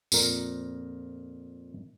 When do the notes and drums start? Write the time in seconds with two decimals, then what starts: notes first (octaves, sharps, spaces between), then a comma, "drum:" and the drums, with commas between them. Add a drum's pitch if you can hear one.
0.12 F2 A#2 A#4, drum: tambourine